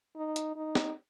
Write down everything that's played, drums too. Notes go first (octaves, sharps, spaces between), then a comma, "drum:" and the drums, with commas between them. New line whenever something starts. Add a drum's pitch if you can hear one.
D#4
drum: hi-hat
D#4
drum: snare